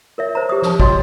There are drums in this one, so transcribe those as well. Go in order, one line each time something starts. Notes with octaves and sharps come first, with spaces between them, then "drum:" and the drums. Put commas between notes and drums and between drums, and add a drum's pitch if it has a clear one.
A#4 C#5 E5
C5 A#5
G4 D#6
C#5 A5, drum: snare
F#4 C#5 D#5 G5 C6, drum: kick